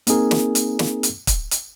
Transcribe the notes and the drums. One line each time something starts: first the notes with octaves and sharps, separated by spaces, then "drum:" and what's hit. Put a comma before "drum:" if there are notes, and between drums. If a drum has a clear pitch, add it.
A#3 C4 D#4 G#4 A#4, drum: hi-hat
drum: snare
drum: hi-hat
drum: snare
drum: hi-hat
drum: kick, hi-hat
drum: hi-hat